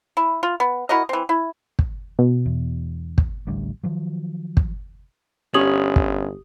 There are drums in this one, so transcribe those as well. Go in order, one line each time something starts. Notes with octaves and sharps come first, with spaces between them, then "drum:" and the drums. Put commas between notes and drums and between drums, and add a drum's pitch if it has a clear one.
E4
F4
B3
E4 F#4 A#4 D#5
E3 C4
E4
drum: kick
B2
E2
drum: kick
A1 D2 G3
D#3 F3 F#3
drum: kick
G1 C#4 G4 D#6 F#7
drum: kick